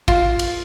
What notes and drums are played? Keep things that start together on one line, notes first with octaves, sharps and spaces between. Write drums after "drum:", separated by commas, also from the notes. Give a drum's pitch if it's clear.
F4, drum: kick
drum: cymbal